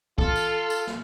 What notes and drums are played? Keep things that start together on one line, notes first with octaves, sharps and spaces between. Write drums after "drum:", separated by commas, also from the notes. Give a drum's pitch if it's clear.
F4 A4, drum: kick
drum: tambourine
drum: tambourine
drum: snare